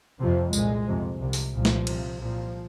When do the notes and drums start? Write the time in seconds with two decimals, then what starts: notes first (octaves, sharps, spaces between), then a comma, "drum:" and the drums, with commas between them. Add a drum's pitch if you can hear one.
0.20 F2 C3 F3
0.53 C2 A#2 G#3, drum: tambourine
0.87 F2 C3
1.20 C2 C3
1.33 drum: open hi-hat
1.53 C2 A#2 F3
1.65 drum: snare
1.87 C2 C3, drum: cymbal
2.21 C2 A#2 F3